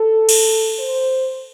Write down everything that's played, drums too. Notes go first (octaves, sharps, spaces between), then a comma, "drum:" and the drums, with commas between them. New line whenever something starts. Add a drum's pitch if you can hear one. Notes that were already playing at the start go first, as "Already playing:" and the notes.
Already playing: A4
drum: cymbal
C5